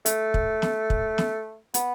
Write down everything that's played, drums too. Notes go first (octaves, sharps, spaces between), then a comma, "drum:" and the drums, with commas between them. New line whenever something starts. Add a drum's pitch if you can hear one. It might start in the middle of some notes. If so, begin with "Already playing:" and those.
A3, drum: hi-hat
drum: kick
drum: snare
drum: kick
drum: snare
B3, drum: hi-hat